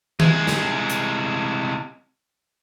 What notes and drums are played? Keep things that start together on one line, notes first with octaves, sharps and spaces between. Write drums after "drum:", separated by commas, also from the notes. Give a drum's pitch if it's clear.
C2 G#3, drum: tom D#3
drum: snare
drum: hi-hat